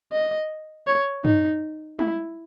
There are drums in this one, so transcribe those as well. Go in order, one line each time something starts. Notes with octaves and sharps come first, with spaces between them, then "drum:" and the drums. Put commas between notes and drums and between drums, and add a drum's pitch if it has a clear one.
D#5
C#5
D#4, drum: tom
E4, drum: tom